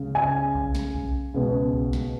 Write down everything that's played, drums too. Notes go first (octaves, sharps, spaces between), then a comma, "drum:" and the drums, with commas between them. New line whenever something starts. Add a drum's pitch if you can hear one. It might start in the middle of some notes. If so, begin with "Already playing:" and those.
Already playing: C#2 C#3
G#5
drum: kick B1
drum: snare
drum: kick B1
C#2 B2
drum: kick B1
drum: snare